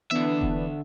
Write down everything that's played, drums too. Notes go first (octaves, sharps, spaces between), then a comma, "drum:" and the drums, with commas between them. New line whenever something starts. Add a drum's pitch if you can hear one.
D3 E3 B3 D4 E5
drum: kick E1